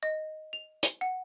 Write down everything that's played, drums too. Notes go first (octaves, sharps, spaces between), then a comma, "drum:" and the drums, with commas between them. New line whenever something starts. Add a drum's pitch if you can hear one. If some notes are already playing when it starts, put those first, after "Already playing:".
D#5
F7
drum: hi-hat
F#5